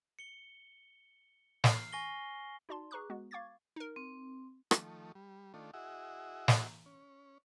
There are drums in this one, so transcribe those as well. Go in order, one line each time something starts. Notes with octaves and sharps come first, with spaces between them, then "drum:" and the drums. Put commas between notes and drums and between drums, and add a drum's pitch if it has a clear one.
C#7 G7
F6 C7, drum: snare
G#5 C#6 A#6 G7
D#4 F#4 D5 A5 C6
G#4 B4 A#5 C#6 D6 F#6
G#3 B3 F#4
F5 C#6 D6 G#6 A6
D#4 A#4
C4
D#3 F3 A3, drum: rim click
G3
D#3 A3 D4 F4
E4 F#4 G#4 D#5 E5 F#5
drum: snare
C#4